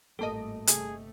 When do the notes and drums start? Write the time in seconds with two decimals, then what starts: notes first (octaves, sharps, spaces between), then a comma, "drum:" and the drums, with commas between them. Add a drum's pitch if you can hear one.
0.19 G#1 A2 G3 A3 A#3 A4 D#5 A5
0.67 G1 C3 A3 G#4, drum: hi-hat